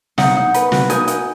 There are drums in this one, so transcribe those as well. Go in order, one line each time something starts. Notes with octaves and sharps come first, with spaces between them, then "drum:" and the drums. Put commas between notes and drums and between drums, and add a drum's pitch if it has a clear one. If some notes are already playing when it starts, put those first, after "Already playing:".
D#4 F#5, drum: snare
D#4
B4, drum: hi-hat
F#4, drum: snare
D#4 G#5, drum: hi-hat
D#4, drum: hi-hat